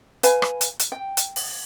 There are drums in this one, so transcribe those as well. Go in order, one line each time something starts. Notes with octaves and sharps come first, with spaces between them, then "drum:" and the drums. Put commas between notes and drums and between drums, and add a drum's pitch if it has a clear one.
B4 F5 G#5, drum: hi-hat
drum: rim click
drum: hi-hat
drum: hi-hat
G5
drum: hi-hat
drum: open hi-hat